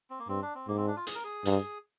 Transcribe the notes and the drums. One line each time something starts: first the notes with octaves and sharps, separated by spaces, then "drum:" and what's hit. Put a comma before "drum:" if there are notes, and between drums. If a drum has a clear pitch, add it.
C4
A#3
G2 C4
D4
C4
G#2 A#3
C4
D4
F4
G#4, drum: hi-hat
A#4
G#4
G2, drum: hi-hat